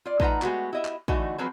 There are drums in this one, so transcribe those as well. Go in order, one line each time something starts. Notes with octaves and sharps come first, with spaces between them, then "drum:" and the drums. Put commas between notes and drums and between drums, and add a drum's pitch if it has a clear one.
F4 D5
A3 D#4 F4 B4 F#5 A#5, drum: kick
G#3 A3 B3 F#4 G4, drum: clap
E4 D#5 E5
drum: clap
D3 E3 A3 D#4 F#4, drum: kick
F3 F#3 C4 F#4 G#4 B4